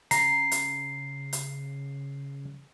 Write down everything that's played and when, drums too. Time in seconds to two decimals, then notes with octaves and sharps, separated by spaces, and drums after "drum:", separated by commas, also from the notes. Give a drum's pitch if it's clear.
0.11 C#3 A#5 C7, drum: hi-hat
0.52 drum: hi-hat
1.33 drum: hi-hat